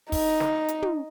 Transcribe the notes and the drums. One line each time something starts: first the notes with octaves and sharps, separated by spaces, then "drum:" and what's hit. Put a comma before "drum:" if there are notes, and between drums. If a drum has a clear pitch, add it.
D#4, drum: kick, open hi-hat
drum: snare
drum: hi-hat
drum: tom